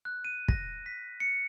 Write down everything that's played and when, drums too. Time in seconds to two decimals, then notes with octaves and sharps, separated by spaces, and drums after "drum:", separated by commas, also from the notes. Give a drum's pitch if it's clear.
0.05 F#6
0.25 D#7
0.48 A#6, drum: kick
0.86 B6
1.20 C#7